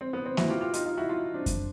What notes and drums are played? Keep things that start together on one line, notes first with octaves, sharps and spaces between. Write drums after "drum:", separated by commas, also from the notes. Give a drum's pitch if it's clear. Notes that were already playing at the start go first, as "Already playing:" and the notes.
C4
B3
C4
E4 F#4, drum: snare A#3
F4 G4
F4 G4
D#4 F4, drum: hi-hat
D#4 F4
E4 F#4
D#4 F4
C4 D4
drum: kick F#2, hi-hat